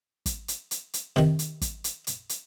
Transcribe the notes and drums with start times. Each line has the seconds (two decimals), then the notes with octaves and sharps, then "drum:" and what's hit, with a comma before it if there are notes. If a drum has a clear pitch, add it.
0.26 drum: kick, hi-hat
0.48 drum: hi-hat
0.71 drum: hi-hat
0.94 drum: hi-hat
1.16 C3 D#3, drum: snare
1.39 drum: hi-hat
1.61 drum: kick, hi-hat
1.84 drum: hi-hat
2.07 drum: hi-hat
2.29 drum: hi-hat